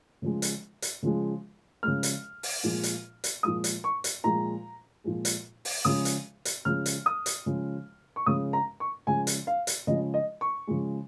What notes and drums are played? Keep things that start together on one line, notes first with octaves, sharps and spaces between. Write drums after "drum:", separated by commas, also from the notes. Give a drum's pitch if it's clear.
C#3 F3 G#3
drum: hi-hat
drum: hi-hat
C#3 F3 G#3
C#3 F3 G#3 F6
drum: hi-hat
drum: open hi-hat
A#2 F3 G#3
drum: hi-hat
drum: hi-hat
A#2 F3 G#3 D#6
drum: hi-hat
C#6
drum: hi-hat
A#2 F3 G#3 A#5
A#2 F3 G#3
drum: hi-hat
drum: open hi-hat
C#3 F3 G#3 D#6
drum: hi-hat
drum: hi-hat
C#3 F3 G#3 F6
drum: hi-hat
D#6
drum: hi-hat
C#3 F3 G#3
C#6
C#3 F3 G#3 D#6
A#5
C#6
C#3 F3 G#3 G#5
drum: hi-hat
F5
drum: hi-hat
C#3 F3 G#3 D#5
D#5
C#6
C#3 F3 G#3